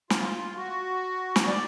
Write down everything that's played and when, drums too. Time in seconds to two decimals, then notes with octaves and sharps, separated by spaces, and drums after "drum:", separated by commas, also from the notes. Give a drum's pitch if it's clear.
0.10 F4, drum: snare
0.57 F#4
1.36 drum: snare
1.47 D5